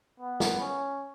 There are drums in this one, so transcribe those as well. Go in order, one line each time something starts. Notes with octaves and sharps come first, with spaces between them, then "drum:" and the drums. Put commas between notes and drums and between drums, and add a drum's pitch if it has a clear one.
B3
drum: snare
C#4